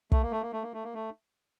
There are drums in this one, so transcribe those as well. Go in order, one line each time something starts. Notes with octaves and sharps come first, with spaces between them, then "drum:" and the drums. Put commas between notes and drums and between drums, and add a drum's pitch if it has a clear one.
A3, drum: kick
A#3
A3
A#3
A3
A#3
A3
A#3
A3